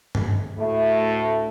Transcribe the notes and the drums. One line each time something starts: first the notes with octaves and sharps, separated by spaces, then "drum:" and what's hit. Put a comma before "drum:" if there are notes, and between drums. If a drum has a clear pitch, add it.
drum: tom G2
D2 A2 A3